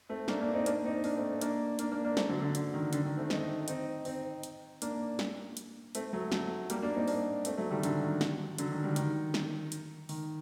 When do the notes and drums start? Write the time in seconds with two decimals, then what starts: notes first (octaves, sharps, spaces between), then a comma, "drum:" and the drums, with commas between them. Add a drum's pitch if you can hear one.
0.09 A3 C4
0.28 A#3 D4, drum: snare
0.41 A#3 D4
0.53 C4 D#4
0.66 A#3 D4, drum: hi-hat
0.84 C4 D#4
0.95 C4
1.04 A#3 D4, drum: open hi-hat
1.16 A3 C4
1.41 A#3 D4, drum: hi-hat
1.79 A#3 D4, drum: hi-hat
1.91 A#3 D4
2.05 A#3 D4
2.17 A3 C4, drum: snare
2.29 D3 F#3
2.42 D3
2.55 D3, drum: hi-hat
2.74 D#3
2.93 D3, drum: hi-hat
3.05 D#3
3.17 A3 C4
3.30 C4 D#4, drum: snare
3.68 C4 D#4, drum: hi-hat
4.05 C4 D#4, drum: open hi-hat
4.43 drum: hi-hat
4.82 A#3 D4, drum: hi-hat
5.19 drum: snare
5.57 drum: hi-hat
5.95 A3 C4, drum: hi-hat
6.13 F#3 A3
6.32 F#3 A3, drum: snare
6.70 G3 A#3, drum: hi-hat
6.82 A#3 D4
6.95 C4 D#4
7.08 A#3 D4, drum: open hi-hat
7.45 A3 C4, drum: hi-hat
7.57 F#3 A3
7.71 D#3 G3
7.83 D3 F#3, drum: hi-hat
8.03 D#3
8.21 drum: snare
8.58 D3 F#3, drum: hi-hat
8.71 D#3
8.84 D#3 G3
8.96 D#3, drum: hi-hat
9.34 drum: snare
9.72 drum: hi-hat
10.09 D#3, drum: open hi-hat